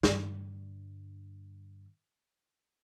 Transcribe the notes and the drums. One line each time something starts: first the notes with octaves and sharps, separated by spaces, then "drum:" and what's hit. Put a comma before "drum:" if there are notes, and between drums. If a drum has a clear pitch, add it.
G2 D3, drum: snare